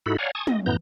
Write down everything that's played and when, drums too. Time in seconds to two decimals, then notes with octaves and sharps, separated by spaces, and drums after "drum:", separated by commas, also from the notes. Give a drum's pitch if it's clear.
0.06 G#2 D#4 E4 F#4 A4 B5
0.18 C#5 D5 F5 F#5 G#5 A#5
0.35 G#5 A5 C#6 D#6
0.47 D#5, drum: tom
0.66 F#2 A2 E3 B3 A#5 G6